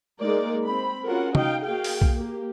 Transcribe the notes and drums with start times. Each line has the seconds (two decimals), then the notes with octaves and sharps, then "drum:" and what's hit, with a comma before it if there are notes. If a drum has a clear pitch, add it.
0.21 G#3 A#3 D#4 A#4 D5
0.66 C4 B5
1.06 C#4 F4 F#4 G#4 A#4 F#5
1.35 D#4 D#5 F5 G5, drum: tom
1.63 A#3 F#4 G#4 F5 G5
1.84 drum: open hi-hat
2.02 drum: kick B1
2.16 A#3 G4